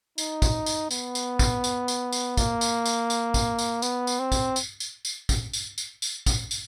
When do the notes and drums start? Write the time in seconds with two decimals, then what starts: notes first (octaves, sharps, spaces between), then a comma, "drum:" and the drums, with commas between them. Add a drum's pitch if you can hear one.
0.18 D#4, drum: tambourine
0.42 drum: kick, tambourine
0.66 drum: tambourine
0.91 B3, drum: tambourine
1.15 drum: tambourine
1.39 drum: kick, tambourine
1.64 drum: tambourine
1.88 drum: tambourine
2.12 drum: tambourine
2.37 A#3, drum: kick, tambourine
2.61 drum: tambourine
2.86 drum: tambourine
3.10 drum: tambourine
3.34 drum: kick, tambourine
3.59 drum: tambourine
3.82 B3, drum: tambourine
4.07 drum: tambourine
4.19 C4
4.32 drum: kick, tambourine
4.56 drum: tambourine
4.80 drum: tambourine
5.05 drum: tambourine
5.29 drum: kick, tambourine
5.53 drum: tambourine
5.78 drum: tambourine
6.02 drum: tambourine
6.26 drum: kick, tambourine
6.51 drum: tambourine